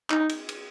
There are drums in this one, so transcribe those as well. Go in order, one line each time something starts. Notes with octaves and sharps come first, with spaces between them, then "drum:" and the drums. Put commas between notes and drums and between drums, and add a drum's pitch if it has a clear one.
D#4, drum: clap
drum: cymbal
drum: cymbal